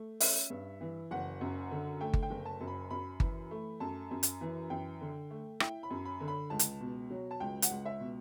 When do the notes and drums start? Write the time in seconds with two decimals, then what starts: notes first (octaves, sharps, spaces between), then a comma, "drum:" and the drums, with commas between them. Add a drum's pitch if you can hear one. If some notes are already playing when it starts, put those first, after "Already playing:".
Already playing: A3
0.20 C#4 E5, drum: open hi-hat
0.50 G2
0.81 E3
1.11 F#1 F#5
1.41 F#2
1.71 D3
2.00 A3 G5
2.13 drum: kick G1
2.23 G5
2.30 F#1
2.45 A5
2.61 F#2
2.68 B5
2.90 F#2 B5
3.20 E3, drum: kick G1
3.51 A3
3.80 F#2 A5
4.11 F#2
4.23 drum: hi-hat
4.41 E3
4.70 F#2 G5
5.01 D3
5.31 A3
5.60 E4 G5, drum: rim click
5.83 B5
5.91 F#2
6.05 B5
6.20 D3
6.28 B5
6.50 C#2 A5
6.59 drum: hi-hat
6.81 B2
7.10 F#3
7.31 A5
7.40 C#2 G5
7.62 F#5, drum: hi-hat
7.70 C#2
7.85 E5
8.00 B2